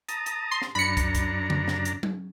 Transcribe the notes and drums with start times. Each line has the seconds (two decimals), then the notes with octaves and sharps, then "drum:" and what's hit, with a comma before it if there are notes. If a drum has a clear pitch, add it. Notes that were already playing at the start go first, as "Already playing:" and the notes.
0.09 A5 A#5 D#6, drum: hi-hat
0.26 drum: hi-hat
0.51 C6
0.62 drum: snare
0.75 F#2 D4 A#5 B5 C#7
0.97 drum: kick, hi-hat
1.15 drum: kick, hi-hat
1.50 drum: tom C#3
1.68 drum: snare
1.85 drum: hi-hat
2.03 drum: tom F#3